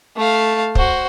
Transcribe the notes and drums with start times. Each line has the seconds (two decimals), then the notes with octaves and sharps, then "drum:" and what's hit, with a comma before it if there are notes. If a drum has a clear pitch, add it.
0.16 A3 F5
0.75 F#4 C5, drum: kick